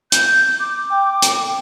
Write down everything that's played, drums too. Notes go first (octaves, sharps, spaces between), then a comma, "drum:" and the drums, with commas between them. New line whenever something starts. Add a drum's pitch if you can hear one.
G6, drum: hi-hat
D6
G5
drum: hi-hat